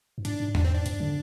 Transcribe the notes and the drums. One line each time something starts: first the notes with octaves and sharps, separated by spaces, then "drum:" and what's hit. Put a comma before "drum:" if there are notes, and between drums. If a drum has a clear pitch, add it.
G2
G#2 D4, drum: hi-hat
G#2
D4, drum: tom E2
C4
D4
G2, drum: hi-hat
D3